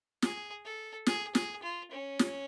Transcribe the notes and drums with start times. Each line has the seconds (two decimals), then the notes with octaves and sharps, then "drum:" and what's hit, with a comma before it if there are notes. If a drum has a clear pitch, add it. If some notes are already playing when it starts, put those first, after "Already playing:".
0.22 G#4, drum: snare
0.64 A4
1.06 G#4, drum: snare
1.35 G#4, drum: snare
1.63 F4
1.91 C#4
2.19 drum: snare